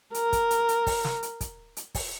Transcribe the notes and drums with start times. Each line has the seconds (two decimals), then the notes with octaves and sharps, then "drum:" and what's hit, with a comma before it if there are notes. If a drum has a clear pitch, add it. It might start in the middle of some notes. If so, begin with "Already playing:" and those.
0.14 A#4, drum: hi-hat
0.33 drum: kick, hi-hat
0.51 drum: hi-hat
0.69 drum: hi-hat
0.87 drum: kick, open hi-hat
1.05 drum: snare
1.23 drum: hi-hat
1.41 drum: kick, hi-hat
1.77 drum: hi-hat
1.95 drum: kick, open hi-hat